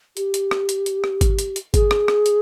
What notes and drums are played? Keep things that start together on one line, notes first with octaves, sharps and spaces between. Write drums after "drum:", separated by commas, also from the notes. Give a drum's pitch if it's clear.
G4, drum: hi-hat
drum: hi-hat
drum: rim click
drum: hi-hat
drum: hi-hat
drum: rim click
drum: kick G#1, hi-hat
drum: hi-hat
drum: hi-hat
G#4, drum: kick G#1, hi-hat
drum: rim click
drum: rim click
drum: hi-hat